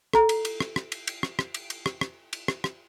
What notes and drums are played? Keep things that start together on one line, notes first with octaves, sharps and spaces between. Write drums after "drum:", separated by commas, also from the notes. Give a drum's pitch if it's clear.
A4 A#5, drum: rim click
drum: cymbal
drum: cymbal
drum: rim click
drum: rim click
drum: cymbal
drum: cymbal
drum: rim click
drum: rim click
drum: cymbal
drum: cymbal
drum: rim click
drum: rim click
drum: cymbal
drum: rim click
drum: rim click